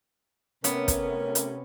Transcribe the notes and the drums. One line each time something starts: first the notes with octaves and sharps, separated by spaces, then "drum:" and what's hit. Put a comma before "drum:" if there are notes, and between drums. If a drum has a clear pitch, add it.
C3 A3 B3 C#4 A#4 C#5, drum: hi-hat
drum: kick, hi-hat
drum: hi-hat